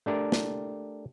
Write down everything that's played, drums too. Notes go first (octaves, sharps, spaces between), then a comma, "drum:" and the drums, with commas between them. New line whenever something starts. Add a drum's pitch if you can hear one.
A3 D4 G4 A#4
drum: snare